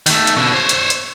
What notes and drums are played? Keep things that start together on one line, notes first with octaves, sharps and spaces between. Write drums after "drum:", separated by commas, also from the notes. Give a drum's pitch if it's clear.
D#3 A3, drum: open hi-hat
drum: hi-hat
B2 D3
C5 C#5
drum: hi-hat
drum: hi-hat